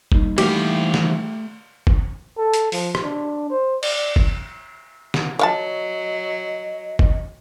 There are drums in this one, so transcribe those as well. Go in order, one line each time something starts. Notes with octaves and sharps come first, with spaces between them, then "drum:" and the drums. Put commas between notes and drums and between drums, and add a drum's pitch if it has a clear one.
G3 A#3 D#4, drum: kick
E3 A3 G4 F5, drum: cymbal
drum: snare
drum: kick
A4
drum: hi-hat
F3, drum: open hi-hat
drum: rim click
D4
C5
D5, drum: cymbal
drum: kick
drum: snare
F#3 C#5 D#5 F5 A5
drum: kick